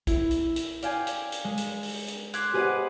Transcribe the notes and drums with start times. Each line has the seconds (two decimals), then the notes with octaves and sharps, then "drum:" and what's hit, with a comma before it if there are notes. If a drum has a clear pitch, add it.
0.07 E4, drum: kick, hi-hat
0.31 drum: hi-hat
0.56 drum: hi-hat
0.82 D5 F5 G5 G#5, drum: hi-hat
1.07 drum: hi-hat
1.32 drum: hi-hat
1.44 G#3
1.57 drum: hi-hat
1.83 drum: open hi-hat
2.08 drum: hi-hat
2.33 C6 D6 F#6 G#6 B6, drum: hi-hat
2.53 G4 G#4 B4 C5 D#5 F#5